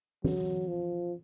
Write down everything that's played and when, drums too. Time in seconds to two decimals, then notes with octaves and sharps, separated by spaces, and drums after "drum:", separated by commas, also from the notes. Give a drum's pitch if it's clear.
0.24 F#3, drum: tom E3
0.68 F3